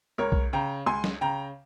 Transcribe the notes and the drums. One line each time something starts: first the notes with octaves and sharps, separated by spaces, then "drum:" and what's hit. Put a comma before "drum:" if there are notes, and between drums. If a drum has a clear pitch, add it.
C#2 A#4 C#5
drum: kick B1
C#3 G5 A#5
C#2 G#5 C6
drum: snare
C#3 G5 A#5